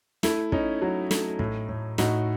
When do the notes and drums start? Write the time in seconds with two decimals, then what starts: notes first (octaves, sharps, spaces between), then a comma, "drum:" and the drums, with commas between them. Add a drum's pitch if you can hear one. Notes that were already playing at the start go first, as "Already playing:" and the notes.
0.23 A3 E4, drum: snare
0.52 C#4 D#4, drum: kick
0.82 F#3
1.11 A3, drum: snare
1.39 A2, drum: kick
1.69 A2
1.98 A2 D#4 F#4, drum: snare